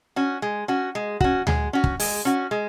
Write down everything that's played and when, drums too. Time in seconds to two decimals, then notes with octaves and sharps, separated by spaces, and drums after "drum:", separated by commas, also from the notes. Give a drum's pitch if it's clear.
0.16 C#4 F#4
0.42 G#3
0.68 C#4 F#4
0.95 G#3
1.20 C#4 F#4, drum: kick
1.47 G#3, drum: tom D2
1.73 C#4 F#4
1.84 drum: kick
2.00 G#3, drum: open hi-hat
2.25 C#4 F#4
2.51 G#3